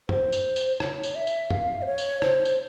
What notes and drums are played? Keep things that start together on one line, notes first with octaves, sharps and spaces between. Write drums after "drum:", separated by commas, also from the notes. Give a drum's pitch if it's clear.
C5, drum: tom
drum: tambourine
drum: tambourine
C#5, drum: rim click
drum: tambourine
E5
drum: tambourine
F5, drum: tom
C5
C#5
drum: tambourine
C5, drum: rim click
drum: tambourine